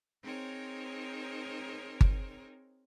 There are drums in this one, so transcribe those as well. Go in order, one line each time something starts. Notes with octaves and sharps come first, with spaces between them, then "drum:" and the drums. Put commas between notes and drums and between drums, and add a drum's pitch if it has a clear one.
C4 D#4 G#4 A#4 C5 C#5
drum: kick G1